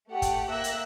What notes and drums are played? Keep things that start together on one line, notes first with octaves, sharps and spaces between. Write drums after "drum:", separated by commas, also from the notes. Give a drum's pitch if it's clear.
A3 G4 F#5
drum: kick, hi-hat
A#3 E5 E6 F#6 A#6
drum: hi-hat